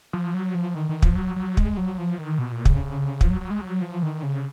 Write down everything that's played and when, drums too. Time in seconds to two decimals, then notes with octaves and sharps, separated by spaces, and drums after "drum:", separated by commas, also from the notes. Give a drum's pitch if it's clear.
0.13 F3
0.34 F#3
0.55 F3
0.75 D#3
0.89 D#3
1.02 F3, drum: kick
1.16 F#3
1.36 F#3
1.57 G#3, drum: kick
1.77 F#3
1.98 F3
2.18 D#3
2.39 B2
2.52 A#2
2.65 C#3, drum: kick
3.21 F3, drum: kick
3.30 F#3
3.41 F#3
3.50 G#3
3.61 F#3
3.82 F3
4.03 D#3
4.23 C#3